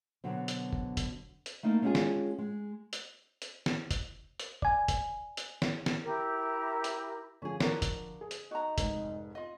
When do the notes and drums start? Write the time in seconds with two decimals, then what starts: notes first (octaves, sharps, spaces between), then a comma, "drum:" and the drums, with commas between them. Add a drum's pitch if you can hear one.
0.24 B2 D3 F#3 C4
0.48 drum: hi-hat
0.73 drum: kick
0.97 drum: kick, hi-hat
1.46 drum: hi-hat
1.63 A3 A#3 D#4 E4 A#4
1.82 G#3 C#4 D4 F4 G4 G#4
1.95 drum: snare
2.38 G#3
2.93 drum: hi-hat
3.42 drum: hi-hat
3.66 drum: snare
3.91 drum: kick, hi-hat
4.40 drum: hi-hat
4.62 D5 G#5, drum: kick
4.88 drum: kick, hi-hat
5.37 drum: hi-hat
5.62 drum: snare
5.86 drum: snare
6.04 E4 G4 A#4
6.84 drum: hi-hat
7.42 D3 F3 C#4 G#4
7.60 D4 F#4 A#4, drum: snare
7.82 drum: kick, hi-hat
8.21 G#4
8.31 drum: hi-hat
8.51 D#4 F#4 A#5
8.78 F1 G#2, drum: kick, hi-hat
9.35 F4 D#5